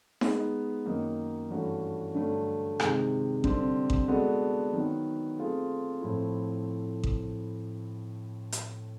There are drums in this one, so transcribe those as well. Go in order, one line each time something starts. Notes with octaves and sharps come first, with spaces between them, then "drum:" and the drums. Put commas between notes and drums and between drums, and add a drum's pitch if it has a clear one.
G#3 B3 D#4, drum: snare D#4
F#2 D#3 F#3 A#3 D#4
G2 E3 A3 C#4 F#4
G2 D3 F#3 A3
C3 D#3 G#3, drum: rim click
D3 G3 C4, drum: kick A1
drum: kick A1
G#3 B3 D4 F#4 A4
D#3 F#3 B3
A3 C4 F4 G#4
A2 F3 A3 C4 E4
drum: kick A1
drum: hi-hat